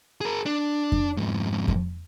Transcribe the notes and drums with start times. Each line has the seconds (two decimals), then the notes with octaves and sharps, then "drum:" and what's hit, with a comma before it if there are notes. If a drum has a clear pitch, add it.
0.21 G#4 A#4
0.46 D4
0.92 drum: kick F2
1.17 F2 G#2
1.68 drum: kick F2